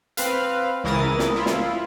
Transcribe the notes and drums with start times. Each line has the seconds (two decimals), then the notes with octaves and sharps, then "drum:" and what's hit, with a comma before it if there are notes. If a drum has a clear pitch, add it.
0.17 C4 B4 F5, drum: hi-hat
0.84 C#2 E3 E4 A#4 D#6 A6
1.19 drum: snare
1.36 E4 F4
1.46 drum: snare